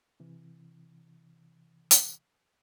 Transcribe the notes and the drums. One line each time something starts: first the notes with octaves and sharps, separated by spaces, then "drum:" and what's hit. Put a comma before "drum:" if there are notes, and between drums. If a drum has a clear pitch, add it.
C3 E3
drum: hi-hat